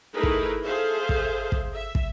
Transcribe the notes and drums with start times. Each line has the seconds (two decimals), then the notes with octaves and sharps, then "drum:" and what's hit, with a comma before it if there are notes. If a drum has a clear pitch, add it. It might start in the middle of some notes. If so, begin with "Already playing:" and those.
0.14 A3 D#4 E4 G#4 A#4 B4
0.23 drum: kick
0.63 G#4 A4 C5 E5 F5
1.09 drum: kick
1.52 drum: kick
1.73 E5
1.95 drum: kick